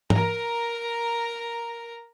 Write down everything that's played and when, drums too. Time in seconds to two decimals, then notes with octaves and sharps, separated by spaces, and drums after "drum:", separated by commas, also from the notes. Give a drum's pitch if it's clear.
0.10 A#4 A#5, drum: tom